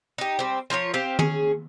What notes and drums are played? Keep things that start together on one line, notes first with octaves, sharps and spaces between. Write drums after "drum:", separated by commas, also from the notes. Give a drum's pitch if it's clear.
D#4 G4
G3 C4
F3 F4 A#4 C#5
C4 G4 F5
C#4 G#4, drum: tom D#3